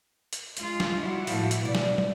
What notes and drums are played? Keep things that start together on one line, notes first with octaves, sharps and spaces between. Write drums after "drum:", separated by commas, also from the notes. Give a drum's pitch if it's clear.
drum: hi-hat
G#3 F4, drum: hi-hat
drum: snare
G3 E4 F#4
A2 F3, drum: open hi-hat
drum: hi-hat
B2 D5
drum: snare
drum: tom